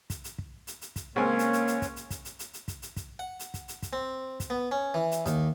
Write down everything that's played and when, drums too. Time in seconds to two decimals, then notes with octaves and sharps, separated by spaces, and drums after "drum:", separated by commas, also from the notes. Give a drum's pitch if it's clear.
0.10 drum: kick, hi-hat
0.24 drum: hi-hat
0.38 drum: kick
0.67 drum: hi-hat
0.81 drum: hi-hat
0.96 drum: kick, hi-hat
1.16 C#2 A#3 C4 C#4 C#5 G#5
1.39 drum: hi-hat
1.53 drum: hi-hat
1.67 drum: hi-hat
1.82 drum: kick, hi-hat
1.96 drum: hi-hat
2.10 drum: kick, hi-hat
2.25 drum: hi-hat
2.39 drum: hi-hat
2.53 drum: hi-hat
2.68 drum: kick, hi-hat
2.82 drum: hi-hat
2.96 drum: kick, hi-hat
3.19 F#5
3.39 drum: hi-hat
3.54 drum: kick, hi-hat
3.68 drum: hi-hat
3.82 drum: kick, hi-hat
3.93 C4
4.40 drum: kick, hi-hat
4.50 B3
4.71 C#4
4.94 E3
5.11 drum: hi-hat
5.26 D#2, drum: kick, hi-hat